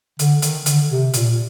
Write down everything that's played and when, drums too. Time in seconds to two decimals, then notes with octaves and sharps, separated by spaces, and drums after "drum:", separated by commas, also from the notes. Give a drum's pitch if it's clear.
0.19 D3, drum: hi-hat
0.42 D#3, drum: hi-hat
0.66 D3, drum: hi-hat
0.89 C3
1.14 A#2, drum: hi-hat